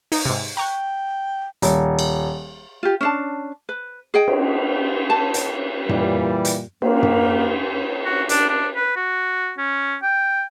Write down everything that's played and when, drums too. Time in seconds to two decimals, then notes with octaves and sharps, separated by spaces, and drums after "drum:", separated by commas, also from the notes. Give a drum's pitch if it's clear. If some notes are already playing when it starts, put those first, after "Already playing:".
0.12 D#4, drum: open hi-hat
0.26 G#2 C3
0.57 G5 A#5 C#6 F#6
1.62 D#1, drum: hi-hat
1.99 drum: cymbal
2.83 F4 G4
3.01 C#4 D4 A5
3.69 B4
4.14 G#4 D#5 G5
4.28 drum: cymbal
5.10 A5
5.34 drum: hi-hat
5.89 A#2 E3 G3, drum: tom F#2
6.45 drum: hi-hat
6.82 A#3, drum: cymbal
7.03 drum: tom F#2
8.05 F#4
8.29 D4, drum: hi-hat
8.50 D4
8.76 B4
8.96 F#4
9.58 C#4
10.02 G5